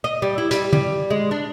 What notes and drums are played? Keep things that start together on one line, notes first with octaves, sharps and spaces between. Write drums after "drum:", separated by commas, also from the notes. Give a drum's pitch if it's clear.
D#5
G3
E4
G3, drum: hi-hat
G3, drum: tom
G#3
D4